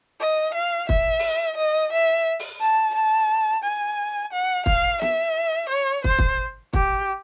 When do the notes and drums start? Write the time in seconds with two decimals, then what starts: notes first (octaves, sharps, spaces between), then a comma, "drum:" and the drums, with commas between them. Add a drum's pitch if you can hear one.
0.20 D#5
0.54 F5
0.89 E5, drum: kick
1.19 drum: open hi-hat
1.57 D#5
1.92 E5
2.39 drum: open hi-hat
2.61 A5
2.95 A5
3.63 G#5
4.32 F#5
4.66 F5, drum: kick
5.02 E5, drum: snare
5.69 C#5
6.04 C5, drum: kick
6.19 drum: kick
6.73 G4, drum: kick